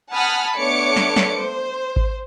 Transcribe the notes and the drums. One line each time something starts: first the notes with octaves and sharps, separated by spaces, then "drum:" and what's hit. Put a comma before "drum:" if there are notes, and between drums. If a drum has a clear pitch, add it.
F#5 G#5 A5 B5 D#6 F6
A3 B3 D4 C#5 D6 C#7
drum: snare
drum: snare
C5
drum: kick G#1